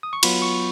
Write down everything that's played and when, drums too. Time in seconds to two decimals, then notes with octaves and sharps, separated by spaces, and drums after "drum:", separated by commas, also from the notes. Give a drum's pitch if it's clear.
0.03 D#6
0.13 C#6
0.23 F#3 B3 F4 B5, drum: cymbal
0.42 C#6